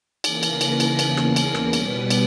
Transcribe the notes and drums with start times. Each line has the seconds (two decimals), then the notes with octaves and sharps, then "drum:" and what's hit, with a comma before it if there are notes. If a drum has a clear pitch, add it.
0.24 C#3 E3 A#3 A#4, drum: cymbal
0.43 drum: cymbal
0.61 B4, drum: cymbal
0.80 drum: cymbal
0.99 E2 C#3 E3 A#3, drum: cymbal
1.17 drum: rim click
1.36 A#4, drum: cymbal
1.55 drum: rim click
1.73 B2 G3 B3 B4, drum: cymbal
2.10 drum: cymbal